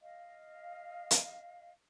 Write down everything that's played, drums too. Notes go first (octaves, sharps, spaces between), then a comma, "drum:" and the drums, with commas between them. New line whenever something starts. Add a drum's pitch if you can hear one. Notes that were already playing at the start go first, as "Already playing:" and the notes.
D#5 F5
drum: hi-hat